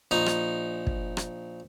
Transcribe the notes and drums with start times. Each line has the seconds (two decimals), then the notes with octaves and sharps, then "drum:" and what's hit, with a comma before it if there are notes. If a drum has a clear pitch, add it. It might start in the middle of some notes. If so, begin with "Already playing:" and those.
0.11 A#1 D#4
0.26 drum: rim click
0.87 drum: kick
1.17 drum: rim click